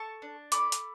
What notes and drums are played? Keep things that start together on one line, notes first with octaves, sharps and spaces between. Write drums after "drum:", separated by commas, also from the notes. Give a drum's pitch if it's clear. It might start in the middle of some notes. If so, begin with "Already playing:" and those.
Already playing: A4 A5 C#6
D4
A4 B5 D6, drum: hi-hat
drum: hi-hat